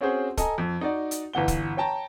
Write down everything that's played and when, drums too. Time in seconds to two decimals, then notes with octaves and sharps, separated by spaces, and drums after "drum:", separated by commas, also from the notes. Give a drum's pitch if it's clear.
0.01 C4 C#4 F#4 G#4 C5
0.37 A4 D#5 G#5 A#5, drum: kick, hi-hat
0.58 F2
0.81 D#4 F#4 D5
1.11 drum: hi-hat
1.33 G1 E3 F#5 G7
1.48 drum: kick, hi-hat
1.77 C#5 G5 A5 A#5